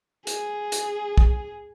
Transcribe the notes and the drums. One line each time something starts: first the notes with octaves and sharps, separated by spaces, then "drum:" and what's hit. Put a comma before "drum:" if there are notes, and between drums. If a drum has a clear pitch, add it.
G#4, drum: hi-hat
drum: hi-hat
drum: kick